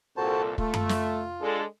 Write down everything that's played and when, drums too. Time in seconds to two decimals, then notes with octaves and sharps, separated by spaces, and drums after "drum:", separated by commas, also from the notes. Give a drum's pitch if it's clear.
0.17 C2 A#2 F#4 A4 C5 A5
0.58 A3 F4, drum: kick
0.74 drum: tom F#2
0.89 drum: snare
1.41 G#3 D4 A4